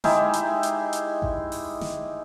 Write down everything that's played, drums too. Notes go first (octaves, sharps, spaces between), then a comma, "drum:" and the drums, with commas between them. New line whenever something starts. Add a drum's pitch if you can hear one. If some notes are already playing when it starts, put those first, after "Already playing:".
G#3 D#4 E4 G4, drum: snare
drum: hi-hat
drum: hi-hat
drum: hi-hat
drum: kick A1
drum: open hi-hat
drum: snare